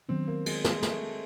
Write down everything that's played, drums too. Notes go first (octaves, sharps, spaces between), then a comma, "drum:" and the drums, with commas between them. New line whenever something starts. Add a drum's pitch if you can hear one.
D#3 F#3 B3 C4 D4
A#3
G#3, drum: cymbal
G#3, drum: snare
A3, drum: snare